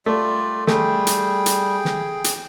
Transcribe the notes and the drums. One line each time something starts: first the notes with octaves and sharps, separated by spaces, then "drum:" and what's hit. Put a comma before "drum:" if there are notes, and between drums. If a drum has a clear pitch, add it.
G3 A3 F4 D5
G3 A3 G#4 G5, drum: snare
drum: hi-hat
drum: hi-hat
drum: snare
drum: hi-hat